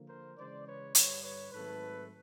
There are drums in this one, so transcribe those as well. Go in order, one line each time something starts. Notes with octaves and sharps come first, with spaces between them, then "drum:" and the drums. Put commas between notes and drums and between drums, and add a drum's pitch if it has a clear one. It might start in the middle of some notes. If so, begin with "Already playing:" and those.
Already playing: D3 F3 A#3
A#4 C5
C#3 E3 G#3 C5 D5
B4 C#5
G2 D3 G3 B4 C#5, drum: hi-hat
B4 C#5
G#2 D#3 F#3 A3 C4 A4 B4